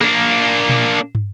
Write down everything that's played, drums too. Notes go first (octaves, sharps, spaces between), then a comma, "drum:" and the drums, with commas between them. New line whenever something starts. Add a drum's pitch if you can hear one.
A#3 D4, drum: rim click
drum: tom A#2
drum: tom